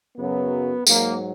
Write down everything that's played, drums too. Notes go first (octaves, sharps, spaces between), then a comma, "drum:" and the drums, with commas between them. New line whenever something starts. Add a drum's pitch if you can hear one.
F#2 C#3 F#3 B3
G#2 F#3 A#3, drum: tambourine